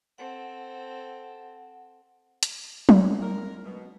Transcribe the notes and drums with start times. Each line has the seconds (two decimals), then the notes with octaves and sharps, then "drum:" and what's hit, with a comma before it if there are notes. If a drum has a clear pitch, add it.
0.18 C4 A4 F#5
2.43 drum: hi-hat
2.89 drum: tom F#3
3.22 A#4
3.64 B2